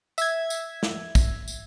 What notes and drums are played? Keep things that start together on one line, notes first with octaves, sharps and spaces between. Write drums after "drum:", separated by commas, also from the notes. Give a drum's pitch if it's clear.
E5 G#6, drum: tambourine
drum: tambourine
drum: snare
drum: kick, tambourine
drum: tambourine